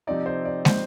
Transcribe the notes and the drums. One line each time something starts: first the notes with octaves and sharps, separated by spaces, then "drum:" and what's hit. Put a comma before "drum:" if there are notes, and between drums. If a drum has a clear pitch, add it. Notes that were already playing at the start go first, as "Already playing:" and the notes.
C3 F3 C4 D#4 D5
C5
D5
C5, drum: snare